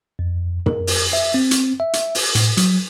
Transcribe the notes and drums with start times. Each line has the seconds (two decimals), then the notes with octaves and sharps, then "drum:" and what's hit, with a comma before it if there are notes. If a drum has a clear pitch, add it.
0.19 F2
0.66 A#4, drum: tom
0.87 drum: open hi-hat
1.13 E5
1.34 C4
1.51 drum: hi-hat
1.80 E5
1.93 drum: hi-hat
2.15 drum: open hi-hat
2.35 A2, drum: hi-hat
2.57 F#3, drum: hi-hat